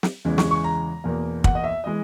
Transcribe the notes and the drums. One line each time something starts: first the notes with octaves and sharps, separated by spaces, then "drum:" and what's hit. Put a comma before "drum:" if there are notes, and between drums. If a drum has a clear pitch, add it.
drum: snare
E2 C#3 E3 G#3
C#6, drum: snare
C#6
A#5
E2 B2 A#3
F#5, drum: kick
D#5
E5
E3 G#3 D#5